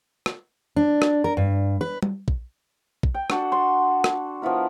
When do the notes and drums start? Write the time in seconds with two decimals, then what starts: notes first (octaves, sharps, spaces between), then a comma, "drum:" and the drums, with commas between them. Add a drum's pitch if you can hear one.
0.26 drum: rim click
0.76 D4
1.02 drum: rim click
1.24 A#4
1.37 G2
1.81 B4
2.03 drum: tom
2.28 drum: kick
3.03 drum: kick
3.14 G5
3.30 D4 F#4 A4, drum: rim click
3.52 C6
4.04 drum: rim click
4.42 F3 B3 E4 A#4